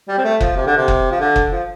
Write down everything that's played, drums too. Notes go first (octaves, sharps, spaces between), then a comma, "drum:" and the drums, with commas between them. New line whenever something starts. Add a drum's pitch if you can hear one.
G3
C4
A3
F3, drum: kick F#1
C3
D3
C3
drum: kick F#1
F3
D3
drum: kick F#1
F3